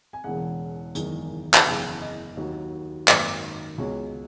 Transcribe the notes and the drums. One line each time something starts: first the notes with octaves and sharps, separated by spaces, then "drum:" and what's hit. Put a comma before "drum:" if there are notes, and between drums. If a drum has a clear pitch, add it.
G#5
E1 E2 C#3 F#5
F#1 E2 D#3 G#3, drum: hi-hat
F#5, drum: clap
F#1 E2 C#3 G#5
drum: hi-hat
D#5
D#2 D#3 F#3
G#1 F#2 D#3 A#3, drum: clap
C#2 B2 G#3 C#5